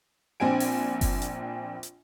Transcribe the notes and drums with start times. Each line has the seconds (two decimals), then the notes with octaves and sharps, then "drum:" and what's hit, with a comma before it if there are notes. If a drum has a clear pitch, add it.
0.40 A#1 C4 D4 G#5 D7
0.60 drum: open hi-hat
1.01 drum: kick F#1, open hi-hat
1.22 drum: hi-hat
1.83 drum: hi-hat